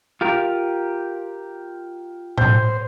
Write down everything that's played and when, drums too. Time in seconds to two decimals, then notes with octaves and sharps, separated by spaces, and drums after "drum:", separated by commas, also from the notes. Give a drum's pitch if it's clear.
0.21 F4 G4 A#4
2.38 C5 G6, drum: tom A2